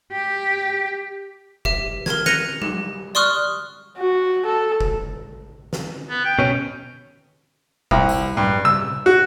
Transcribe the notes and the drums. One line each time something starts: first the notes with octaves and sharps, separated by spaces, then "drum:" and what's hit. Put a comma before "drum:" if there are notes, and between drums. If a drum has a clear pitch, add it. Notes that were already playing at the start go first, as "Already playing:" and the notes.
G4
G4 E5, drum: kick
A#4 G#6, drum: snare
F#6 A#6 C#7 D#7 F7, drum: snare
G4, drum: tom F#3
D5 C6 C#6 D#6 F6 F#6
F#4
A4
drum: kick
drum: snare
B3
G5
B2 C#4
C2, drum: kick
drum: tambourine
G2, drum: tom A2
E6, drum: tom C3
F#4